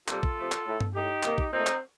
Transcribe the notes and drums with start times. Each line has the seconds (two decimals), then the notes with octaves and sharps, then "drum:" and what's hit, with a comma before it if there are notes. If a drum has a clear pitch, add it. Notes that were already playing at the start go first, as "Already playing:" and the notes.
0.08 C3 G3 A#3 F4 A4, drum: clap
0.23 drum: kick
0.37 C3 F3 A3
0.52 drum: clap
0.66 A2 A3
0.81 drum: tom G2
0.94 A2 A3 D#4 G4
1.23 C3 D#3 A#3, drum: clap
1.38 drum: kick
1.52 A#2 A3 C4 D#4
1.67 drum: clap